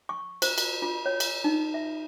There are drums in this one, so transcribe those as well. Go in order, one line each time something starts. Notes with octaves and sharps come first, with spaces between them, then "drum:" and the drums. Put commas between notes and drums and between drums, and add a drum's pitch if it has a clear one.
C#6
C5, drum: cymbal
drum: cymbal
F4
C#5
drum: cymbal
D#4
E5